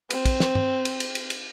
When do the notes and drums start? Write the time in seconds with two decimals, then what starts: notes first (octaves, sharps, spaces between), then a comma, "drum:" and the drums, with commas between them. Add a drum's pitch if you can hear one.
0.10 C4, drum: cymbal
0.25 drum: kick, cymbal
0.40 drum: snare
0.55 drum: tom G2
0.85 drum: cymbal
1.00 drum: cymbal
1.15 drum: cymbal
1.30 drum: cymbal